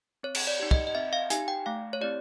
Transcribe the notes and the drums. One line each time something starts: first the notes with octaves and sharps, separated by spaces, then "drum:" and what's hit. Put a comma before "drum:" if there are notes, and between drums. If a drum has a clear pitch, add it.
C4 C#5
drum: cymbal
D5
D#4 G4
D#5, drum: kick
D#5
C4 E5
F5
D#4 G4 G#5, drum: hi-hat
G5
A3 F5
C#5
C4 E4 G4 D5